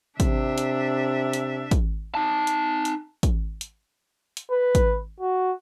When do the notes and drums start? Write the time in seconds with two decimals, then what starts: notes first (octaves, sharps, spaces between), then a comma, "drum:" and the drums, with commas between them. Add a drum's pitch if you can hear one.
0.20 C3 D4 E5, drum: kick, hi-hat
0.58 drum: hi-hat
1.33 drum: hi-hat
1.71 drum: kick, hi-hat
2.15 D#4 A5
2.47 drum: hi-hat
2.85 drum: hi-hat
3.23 drum: kick, hi-hat
3.61 drum: hi-hat
4.37 drum: hi-hat
4.50 B4
4.75 drum: kick, hi-hat
5.20 F#4